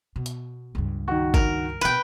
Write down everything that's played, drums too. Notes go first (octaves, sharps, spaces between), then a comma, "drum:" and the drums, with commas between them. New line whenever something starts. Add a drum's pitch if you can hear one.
B2
drum: hi-hat
C#2 G2
D#3 F#4
A#4, drum: kick
A#1 B2 B4 G5